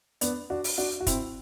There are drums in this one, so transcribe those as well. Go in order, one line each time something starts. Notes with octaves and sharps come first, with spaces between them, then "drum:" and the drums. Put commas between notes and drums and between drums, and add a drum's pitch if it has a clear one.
B3 D4, drum: hi-hat
D4 F#4
drum: open hi-hat
D4 F#4
F#4
C4 E4, drum: kick, hi-hat